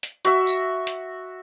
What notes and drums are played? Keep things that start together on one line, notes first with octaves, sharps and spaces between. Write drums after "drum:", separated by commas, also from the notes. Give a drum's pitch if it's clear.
drum: hi-hat
F#4 E5, drum: hi-hat
drum: tambourine
drum: hi-hat